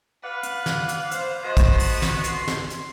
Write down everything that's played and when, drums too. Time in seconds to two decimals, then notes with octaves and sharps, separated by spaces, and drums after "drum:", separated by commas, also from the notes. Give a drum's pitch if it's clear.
0.23 B4 D5 F5 F#5
0.43 drum: hi-hat
0.66 drum: snare
0.89 drum: hi-hat
1.11 C5, drum: hi-hat
1.43 A3 B3 F#4 C5 D#5
1.57 drum: kick, hi-hat
1.79 drum: open hi-hat
2.02 drum: snare
2.24 C6, drum: hi-hat
2.48 drum: snare
2.70 drum: hi-hat